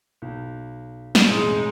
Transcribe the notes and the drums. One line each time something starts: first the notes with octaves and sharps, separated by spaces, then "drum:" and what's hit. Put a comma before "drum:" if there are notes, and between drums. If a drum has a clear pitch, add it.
B1
drum: snare
E1 A1 F2 G#3 D#4